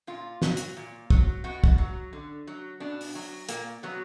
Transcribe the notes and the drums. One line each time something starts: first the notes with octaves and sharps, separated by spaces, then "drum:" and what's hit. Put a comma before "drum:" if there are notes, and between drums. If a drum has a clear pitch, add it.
A#2 F4
F#3, drum: snare
drum: hi-hat
A#2
F#3, drum: kick
B2 F#4
drum: kick
F#3
D3
F#3
B2 D4
drum: open hi-hat
F#3
A#2 A#3, drum: hi-hat
F#3 B3